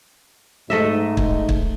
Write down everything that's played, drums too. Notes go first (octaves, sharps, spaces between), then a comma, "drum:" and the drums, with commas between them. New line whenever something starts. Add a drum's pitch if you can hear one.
G#2 A3 D#4 D#5 E5
drum: kick
drum: kick